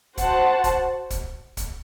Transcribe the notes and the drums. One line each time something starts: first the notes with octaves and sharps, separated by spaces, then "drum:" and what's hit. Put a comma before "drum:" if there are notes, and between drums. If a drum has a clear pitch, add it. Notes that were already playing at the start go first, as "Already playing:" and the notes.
F#4 C5 F#5 A5, drum: kick, hi-hat
drum: kick, hi-hat
drum: kick, hi-hat
drum: kick, hi-hat